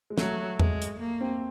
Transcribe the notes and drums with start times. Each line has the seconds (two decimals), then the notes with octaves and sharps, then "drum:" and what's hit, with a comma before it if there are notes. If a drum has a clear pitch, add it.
0.10 G#3
0.18 F#3 A3, drum: snare
0.59 G#3, drum: tom E2
0.82 drum: hi-hat
1.00 A#3
1.21 C4